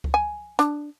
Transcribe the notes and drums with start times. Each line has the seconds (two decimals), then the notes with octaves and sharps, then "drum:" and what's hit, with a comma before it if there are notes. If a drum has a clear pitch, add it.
0.04 drum: kick C#2
0.14 G#5
0.59 D4, drum: hi-hat